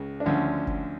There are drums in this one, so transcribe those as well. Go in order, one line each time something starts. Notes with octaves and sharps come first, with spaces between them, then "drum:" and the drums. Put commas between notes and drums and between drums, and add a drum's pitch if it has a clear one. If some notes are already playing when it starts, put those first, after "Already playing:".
Already playing: C#2 C#3
D4
D2 D3 F3 C#4
drum: kick F#1